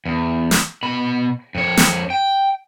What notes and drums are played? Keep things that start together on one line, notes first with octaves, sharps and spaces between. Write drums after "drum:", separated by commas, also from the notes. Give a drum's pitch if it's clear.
E2
drum: snare
B2 B5
F2 C#5
drum: snare
G5